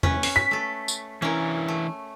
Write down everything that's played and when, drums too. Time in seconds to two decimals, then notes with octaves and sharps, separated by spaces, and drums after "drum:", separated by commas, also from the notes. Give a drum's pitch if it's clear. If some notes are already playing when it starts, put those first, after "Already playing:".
0.03 C#4 B4, drum: tom E2
0.23 drum: open hi-hat
0.36 B6
0.51 A3 A4
0.88 drum: tambourine
1.22 E3 C#4 D4 E4 A#4
1.68 A3